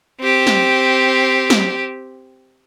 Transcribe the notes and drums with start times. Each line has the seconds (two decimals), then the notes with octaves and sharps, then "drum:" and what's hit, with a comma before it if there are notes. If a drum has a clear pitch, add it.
0.21 C4 G4
0.47 drum: snare
1.50 drum: snare